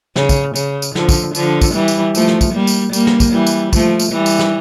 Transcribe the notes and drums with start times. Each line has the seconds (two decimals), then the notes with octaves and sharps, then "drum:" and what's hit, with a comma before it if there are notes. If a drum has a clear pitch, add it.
0.16 C#3, drum: snare
0.29 drum: kick, tambourine
0.56 C#3, drum: tambourine
0.82 drum: tambourine
0.95 D3 F3, drum: snare
1.09 drum: kick, tambourine
1.35 D3 F3, drum: tambourine
1.61 drum: kick, tambourine
1.74 E3 G3
1.88 drum: tambourine
2.15 F3 A3, drum: tambourine
2.28 drum: snare
2.41 drum: kick, tambourine
2.54 G3 A#3
2.67 drum: tambourine
2.93 G3 A#3, drum: tambourine
3.07 drum: snare
3.20 drum: kick, tambourine
3.33 E3 G3
3.47 drum: tambourine
3.73 F3 A3, drum: kick, tambourine
3.99 drum: tambourine
4.12 E3 G3
4.26 drum: tambourine
4.39 drum: snare